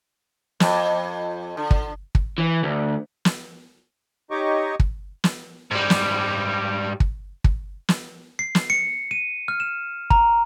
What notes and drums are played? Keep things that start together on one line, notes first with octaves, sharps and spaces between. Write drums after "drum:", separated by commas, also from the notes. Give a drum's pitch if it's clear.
F2, drum: snare
D3
drum: kick
drum: kick
E3
D2
drum: snare
D#4 G4 C#5 D#5 C#6 D6
drum: kick
drum: snare
G#2 G3
drum: snare
drum: kick
drum: kick
drum: snare
C7
drum: snare
C#7
D#7
F6
E7
A#5, drum: kick